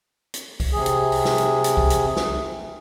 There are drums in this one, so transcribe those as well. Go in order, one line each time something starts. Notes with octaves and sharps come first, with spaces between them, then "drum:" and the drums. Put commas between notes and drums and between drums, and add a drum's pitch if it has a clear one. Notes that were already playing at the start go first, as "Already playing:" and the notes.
drum: hi-hat
drum: kick C2, open hi-hat
C3 G#4
drum: hi-hat
drum: open hi-hat
drum: snare
drum: hi-hat
drum: hi-hat
drum: kick C2
drum: hi-hat
drum: snare